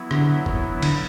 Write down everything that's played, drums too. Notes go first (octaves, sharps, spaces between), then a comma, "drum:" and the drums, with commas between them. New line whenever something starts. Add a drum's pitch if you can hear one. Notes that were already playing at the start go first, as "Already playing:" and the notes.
Already playing: F#3 B3 E4
D3, drum: rim click
drum: kick
D3, drum: cymbal